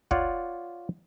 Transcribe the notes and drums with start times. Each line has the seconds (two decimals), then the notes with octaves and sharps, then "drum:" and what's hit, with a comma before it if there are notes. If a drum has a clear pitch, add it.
0.11 F4 C#5 D5 F#5, drum: kick